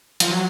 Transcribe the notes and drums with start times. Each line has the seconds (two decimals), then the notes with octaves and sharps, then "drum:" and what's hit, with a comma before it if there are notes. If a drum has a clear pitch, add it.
0.20 F3, drum: hi-hat
0.31 F#3